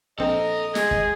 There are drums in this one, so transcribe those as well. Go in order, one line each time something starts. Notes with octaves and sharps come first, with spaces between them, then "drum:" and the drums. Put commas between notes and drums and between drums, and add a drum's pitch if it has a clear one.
A#1 C4 A4 D#5 A#5
G#3 G#4, drum: snare
drum: kick